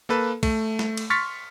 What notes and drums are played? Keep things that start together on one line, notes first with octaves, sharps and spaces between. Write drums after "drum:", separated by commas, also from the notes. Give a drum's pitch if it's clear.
A#3 A4 B4
A3, drum: kick, cymbal
drum: snare
drum: cymbal
C6 C#6 F6 A6 B6 C#7